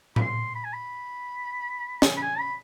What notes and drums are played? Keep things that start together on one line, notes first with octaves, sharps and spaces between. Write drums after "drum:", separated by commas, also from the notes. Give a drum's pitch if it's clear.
B5, drum: tom A2
C6
B5
G#5
B5
drum: snare
B5
G#5
B5